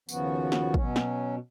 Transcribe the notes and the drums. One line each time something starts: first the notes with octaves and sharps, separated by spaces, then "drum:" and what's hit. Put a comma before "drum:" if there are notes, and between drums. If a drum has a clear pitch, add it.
D#2 C#3 F3 B3 F#4, drum: tambourine
drum: snare
B2 F#3 C#4, drum: kick
drum: snare